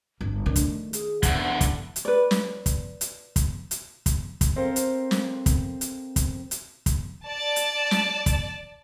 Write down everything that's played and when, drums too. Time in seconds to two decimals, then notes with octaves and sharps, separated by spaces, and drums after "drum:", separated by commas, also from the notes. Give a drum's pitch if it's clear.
0.21 G1
0.46 D#3 A3 D4
0.56 drum: kick, hi-hat
0.93 G#4, drum: hi-hat
1.23 E2 D3 F#5, drum: kick, hi-hat
1.61 drum: kick, hi-hat
1.96 drum: hi-hat
2.05 B4 D5
2.31 drum: snare
2.66 drum: kick, hi-hat
3.01 drum: hi-hat
3.36 drum: kick, hi-hat
3.71 drum: hi-hat
4.06 drum: kick, hi-hat
4.41 drum: kick, hi-hat
4.56 C4 A4 A#4 C5 F5
4.76 drum: hi-hat
5.11 drum: snare
5.46 drum: kick, hi-hat
5.81 drum: hi-hat
6.16 drum: kick, hi-hat
6.51 drum: hi-hat
6.86 drum: kick, hi-hat
7.24 D5 A5
7.56 drum: hi-hat
7.91 drum: snare
8.26 drum: kick, hi-hat